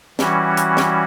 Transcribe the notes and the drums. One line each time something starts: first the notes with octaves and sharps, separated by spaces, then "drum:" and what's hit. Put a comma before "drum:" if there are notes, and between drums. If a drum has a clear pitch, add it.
E3 G3 C#4 F#4, drum: snare
drum: hi-hat
drum: snare